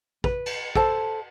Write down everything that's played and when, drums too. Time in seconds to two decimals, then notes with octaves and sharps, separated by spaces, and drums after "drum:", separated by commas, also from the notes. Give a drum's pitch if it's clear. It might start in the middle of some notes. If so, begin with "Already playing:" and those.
0.24 B4, drum: kick
0.46 drum: cymbal
0.75 A4 C5 A5, drum: kick